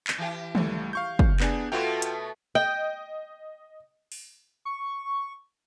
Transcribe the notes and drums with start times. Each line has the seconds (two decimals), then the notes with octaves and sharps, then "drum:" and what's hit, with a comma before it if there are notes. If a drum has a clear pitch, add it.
0.07 drum: clap
0.18 E3 G4
0.55 C#2 G3 A3, drum: tom D#3
0.93 F5 C#6 G6
1.19 drum: kick
1.40 B3 D4 G#4, drum: clap
1.72 B2 A3 B3 F4 F#4 G5
2.02 drum: hi-hat
2.55 D#5 G5
4.12 drum: open hi-hat
4.65 C#6